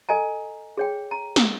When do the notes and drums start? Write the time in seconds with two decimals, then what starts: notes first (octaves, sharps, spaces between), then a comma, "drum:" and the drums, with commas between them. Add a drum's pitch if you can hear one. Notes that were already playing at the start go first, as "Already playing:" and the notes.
0.09 A4 D#5 G#5 A#5
0.77 G#4 C#5 G5
1.11 A#5
1.36 drum: snare